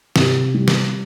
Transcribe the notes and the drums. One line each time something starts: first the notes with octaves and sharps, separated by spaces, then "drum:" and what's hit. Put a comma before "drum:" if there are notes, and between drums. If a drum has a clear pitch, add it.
C3, drum: snare
G3
drum: snare